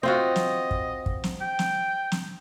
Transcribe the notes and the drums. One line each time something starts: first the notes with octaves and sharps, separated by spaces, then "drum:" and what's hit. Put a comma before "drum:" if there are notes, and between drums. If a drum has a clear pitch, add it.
C4 F4 F#4 D#5
drum: snare
drum: kick
drum: kick
drum: snare
G5
drum: snare
drum: snare